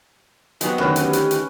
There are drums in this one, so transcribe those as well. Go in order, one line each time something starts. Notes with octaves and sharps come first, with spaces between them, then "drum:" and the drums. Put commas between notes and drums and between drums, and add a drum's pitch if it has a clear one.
F#3 B3 C4 G#4 D#5, drum: hi-hat
D2 D#3 C#4 G4 B4, drum: rim click
drum: hi-hat
drum: hi-hat
drum: hi-hat